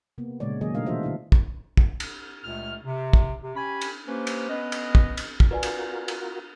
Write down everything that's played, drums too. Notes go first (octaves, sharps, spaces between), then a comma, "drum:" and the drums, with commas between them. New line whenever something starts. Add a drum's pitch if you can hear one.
C3 A#3 B3
A#2 C#3 G#3 C#5 D5
D#3 F#3 G#3 A#3 G#4 D#5
B2 A3 D4 A#4 D#5 F5
E3 D4 F4 F#4 C5 E5
D3 D4 E4 F5
drum: kick
drum: kick
drum: cymbal
C#2 A#2 A3 F6
C3
drum: kick
C3
C#4 G4 G#5 B5
drum: cymbal
A#3 C#4 G4 B4 C5
drum: cymbal
B3 C#4 B4 D#5
drum: cymbal
drum: kick
drum: cymbal
drum: kick
F4 F#4 A#4 B4 D5 G#5
drum: cymbal
drum: cymbal